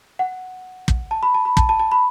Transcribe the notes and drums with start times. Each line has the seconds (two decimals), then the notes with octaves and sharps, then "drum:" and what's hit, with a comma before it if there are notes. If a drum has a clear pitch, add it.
0.19 F#5
0.88 drum: kick
1.11 A5
1.23 B5
1.34 A5
1.45 B5
1.57 A5, drum: kick
1.69 A5
1.80 A5
1.92 B5